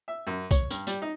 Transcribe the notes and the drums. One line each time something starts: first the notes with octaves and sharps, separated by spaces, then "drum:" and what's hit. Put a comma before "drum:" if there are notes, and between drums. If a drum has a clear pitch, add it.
E5
F#2
C#5, drum: kick, tambourine
G2, drum: tambourine
G3, drum: tambourine
D#4